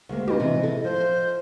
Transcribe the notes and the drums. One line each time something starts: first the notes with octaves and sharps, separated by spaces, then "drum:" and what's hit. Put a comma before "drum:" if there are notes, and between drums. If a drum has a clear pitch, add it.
D2 G#3 A#3
G4 B4 D#5, drum: tom
C3 E3
E4 A4
F3 C5